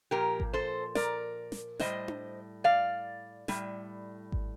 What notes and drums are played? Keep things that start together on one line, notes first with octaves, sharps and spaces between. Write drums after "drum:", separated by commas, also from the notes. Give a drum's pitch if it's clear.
A#2 F3 G4 A#4
drum: kick G#1
A4 C5
A#4 D5, drum: snare
drum: snare
A2 G3 C5 D#5, drum: snare
drum: tom D4
D5 F5
A2 G3, drum: snare
drum: kick G#1